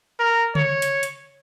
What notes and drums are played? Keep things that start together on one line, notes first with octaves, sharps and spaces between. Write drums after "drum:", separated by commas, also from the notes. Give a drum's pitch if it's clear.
A#4
C#5, drum: tom C#3
drum: hi-hat
drum: hi-hat